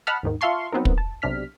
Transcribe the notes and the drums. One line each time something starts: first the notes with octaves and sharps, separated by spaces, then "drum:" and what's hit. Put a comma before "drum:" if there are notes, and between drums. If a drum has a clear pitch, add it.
D#5 F#5 A5 B5 F6
D#2 G#2 D#3
F4 E5 F5 A5 C6 C#6
F#3 B3 C4 D#4 A#4
drum: kick
A5
B1 C3 D4 F6 B6